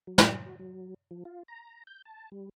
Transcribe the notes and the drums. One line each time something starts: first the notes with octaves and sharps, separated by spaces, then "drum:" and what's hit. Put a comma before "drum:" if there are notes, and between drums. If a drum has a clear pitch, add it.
F#3
drum: snare
F#4
F#3
F3
F4
A#5
G6
A5
G3